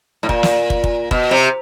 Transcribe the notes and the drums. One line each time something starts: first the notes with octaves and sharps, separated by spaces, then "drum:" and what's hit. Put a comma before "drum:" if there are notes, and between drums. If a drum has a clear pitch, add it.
A2
A#2, drum: kick
drum: snare
drum: kick
drum: kick
B2, drum: kick
C3